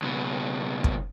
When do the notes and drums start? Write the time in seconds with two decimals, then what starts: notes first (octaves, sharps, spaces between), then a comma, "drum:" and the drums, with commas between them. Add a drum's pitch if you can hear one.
0.02 C#2 B2
0.84 drum: kick